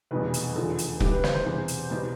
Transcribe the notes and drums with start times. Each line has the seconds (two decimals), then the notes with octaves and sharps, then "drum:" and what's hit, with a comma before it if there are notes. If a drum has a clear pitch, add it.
0.11 F1 E2 B2 G3 B4
0.34 drum: hi-hat
0.56 F1 E2 D3 F3 A4
0.78 drum: hi-hat
1.00 G1 G2 E3 G3 G4, drum: kick
1.11 B4
1.24 C5, drum: snare
1.34 C5
1.45 E1 E2 C3
1.68 drum: hi-hat
1.90 C2 B2 G3